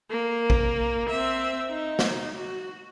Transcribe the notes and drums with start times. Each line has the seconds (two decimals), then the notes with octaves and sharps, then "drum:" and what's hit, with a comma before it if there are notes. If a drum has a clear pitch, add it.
0.10 A#3
0.50 drum: kick A#1
1.09 C4 E5
1.69 D#4
1.99 drum: snare
2.36 F#4